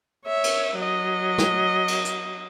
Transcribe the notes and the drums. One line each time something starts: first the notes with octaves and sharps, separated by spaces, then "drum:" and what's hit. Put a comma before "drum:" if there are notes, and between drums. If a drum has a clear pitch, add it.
C#5 E5
drum: cymbal
F#3 D#5
drum: snare
drum: cymbal
drum: hi-hat